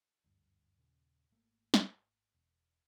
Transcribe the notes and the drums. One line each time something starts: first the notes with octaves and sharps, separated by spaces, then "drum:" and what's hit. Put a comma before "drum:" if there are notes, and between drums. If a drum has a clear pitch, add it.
F#1 D2 G2
D#2 A#2 C#3
G#1 A3 A#3
drum: snare
E1